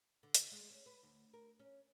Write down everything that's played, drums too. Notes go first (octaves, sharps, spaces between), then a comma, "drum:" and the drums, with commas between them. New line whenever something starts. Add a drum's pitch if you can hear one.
D3
drum: hi-hat
G#3
C#4
B4
D2
A#4
C#4